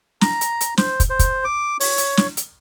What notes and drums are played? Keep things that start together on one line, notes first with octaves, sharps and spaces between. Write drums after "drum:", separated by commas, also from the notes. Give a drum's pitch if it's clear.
A#5, drum: snare
drum: hi-hat
drum: hi-hat
C5, drum: snare
drum: kick, hi-hat
C5
drum: kick, hi-hat
D6
C#5, drum: open hi-hat
drum: hi-hat
drum: snare
drum: hi-hat